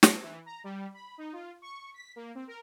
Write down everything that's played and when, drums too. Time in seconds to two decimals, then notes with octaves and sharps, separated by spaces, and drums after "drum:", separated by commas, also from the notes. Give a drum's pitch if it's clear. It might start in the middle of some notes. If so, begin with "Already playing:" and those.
0.03 drum: snare
0.23 E3
0.46 A#5
0.64 G3
0.94 B5
1.18 D#4
1.33 F4
1.62 C#6
1.94 B6
2.16 A#3
2.35 C4
2.47 A#4